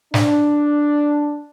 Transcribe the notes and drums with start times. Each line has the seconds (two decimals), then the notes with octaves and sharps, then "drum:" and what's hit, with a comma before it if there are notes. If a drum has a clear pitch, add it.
0.14 D4, drum: snare